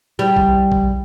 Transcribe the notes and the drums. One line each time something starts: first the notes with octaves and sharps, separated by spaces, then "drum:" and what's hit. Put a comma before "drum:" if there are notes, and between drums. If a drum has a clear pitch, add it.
G3
drum: kick A#1
drum: kick A#1